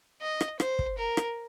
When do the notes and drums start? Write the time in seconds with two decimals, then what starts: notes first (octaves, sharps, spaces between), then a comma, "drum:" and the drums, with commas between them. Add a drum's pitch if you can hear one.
0.21 D#5
0.41 drum: rim click
0.60 C5, drum: rim click
0.79 drum: kick
0.98 A#4
1.17 drum: rim click